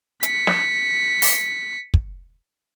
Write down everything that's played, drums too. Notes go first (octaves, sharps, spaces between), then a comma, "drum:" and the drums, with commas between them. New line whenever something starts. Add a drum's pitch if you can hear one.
B6 C#7, drum: hi-hat
drum: snare
drum: open hi-hat
drum: kick